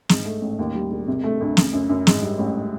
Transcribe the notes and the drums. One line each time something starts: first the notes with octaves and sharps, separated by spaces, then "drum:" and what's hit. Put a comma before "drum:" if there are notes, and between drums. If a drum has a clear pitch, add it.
G#2, drum: snare
A3
A1
D#2
G3
E1
C3
A3
D2
C#3, drum: snare
F#2
F#2
G#2, drum: snare
G3
A1